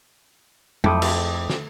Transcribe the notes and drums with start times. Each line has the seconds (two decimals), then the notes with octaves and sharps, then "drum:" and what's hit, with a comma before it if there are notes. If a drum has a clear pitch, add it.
0.84 F2 A3 E4 G5 D6 D#6, drum: tom
1.02 drum: cymbal
1.50 drum: snare